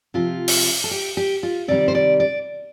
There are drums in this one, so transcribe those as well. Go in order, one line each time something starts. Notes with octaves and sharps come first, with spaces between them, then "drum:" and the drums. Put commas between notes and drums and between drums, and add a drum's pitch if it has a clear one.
C3 F3 F4
drum: open hi-hat
A4
G4
G4
F4
C3 D#3 G3 D5
C5
D5
D5